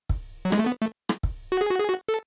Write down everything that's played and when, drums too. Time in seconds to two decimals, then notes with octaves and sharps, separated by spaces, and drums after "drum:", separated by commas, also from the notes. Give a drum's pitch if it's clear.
0.09 drum: kick
0.45 F#3
0.52 G#3, drum: rim click
0.59 A3
0.66 B3
0.81 A3
1.09 drum: rim click
1.23 drum: kick
1.52 F#4
1.61 G#4
1.70 F#4
1.79 G#4
1.88 F#4
2.09 A4